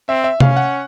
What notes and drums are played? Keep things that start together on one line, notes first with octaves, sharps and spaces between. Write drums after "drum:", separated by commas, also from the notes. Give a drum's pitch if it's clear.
C4 E5
E5
C#4 F5, drum: tom C3
F#5